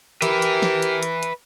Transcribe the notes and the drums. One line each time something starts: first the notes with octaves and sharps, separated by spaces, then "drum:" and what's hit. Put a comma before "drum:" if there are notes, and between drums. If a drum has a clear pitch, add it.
G4 A#4 B4 E5, drum: hi-hat
drum: hi-hat
drum: snare
drum: hi-hat
drum: hi-hat
drum: hi-hat